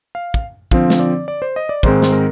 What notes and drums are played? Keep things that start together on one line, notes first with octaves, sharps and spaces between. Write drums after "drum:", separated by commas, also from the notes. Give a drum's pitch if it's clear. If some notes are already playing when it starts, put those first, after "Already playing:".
F5
drum: kick
D3 F3 C4 F5, drum: kick
drum: snare
D5
D5
C5
D#5
D5
G#2 D#3 G#3 C4 C5, drum: kick
drum: snare
A#4